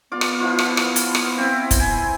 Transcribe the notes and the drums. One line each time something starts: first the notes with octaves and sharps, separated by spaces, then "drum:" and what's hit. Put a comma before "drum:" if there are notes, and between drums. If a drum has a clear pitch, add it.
B3 F4 D5
drum: rim click
F3 E4 F4
drum: rim click
drum: rim click
drum: hi-hat
drum: rim click
C4 E4
drum: kick, hi-hat
G#5